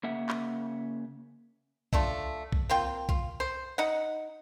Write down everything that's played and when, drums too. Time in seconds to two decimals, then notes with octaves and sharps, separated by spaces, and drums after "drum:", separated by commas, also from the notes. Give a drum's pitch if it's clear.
0.03 C#3 A#3 E5 F#5
0.29 drum: clap
1.93 A3 D4 F4, drum: kick B1
2.52 drum: kick B1
2.69 A#3 C4 F4 G5
3.09 F4, drum: kick B1
3.40 C5
3.78 D#4 F#5